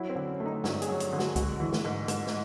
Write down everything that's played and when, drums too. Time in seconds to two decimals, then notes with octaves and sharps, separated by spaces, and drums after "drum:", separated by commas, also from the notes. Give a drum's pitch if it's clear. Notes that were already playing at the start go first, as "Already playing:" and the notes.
Already playing: F#3 E4
0.09 C4
0.15 D3
0.29 C#4
0.40 A3
0.46 D#4
0.64 G2 F#4, drum: snare
0.82 G#4, drum: hi-hat
0.88 F#3
1.00 drum: hi-hat
1.12 D3
1.19 F#4, drum: snare
1.36 G#3 F#4, drum: kick C#2, hi-hat
1.60 E3
1.72 drum: snare
1.85 G#2
2.08 G#2, drum: hi-hat
2.27 drum: snare